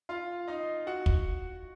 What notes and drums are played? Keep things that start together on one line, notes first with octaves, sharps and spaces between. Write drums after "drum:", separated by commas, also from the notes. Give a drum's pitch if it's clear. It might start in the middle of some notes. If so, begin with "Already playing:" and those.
F4 F5
D#4 D#5
F#4 F#5
drum: kick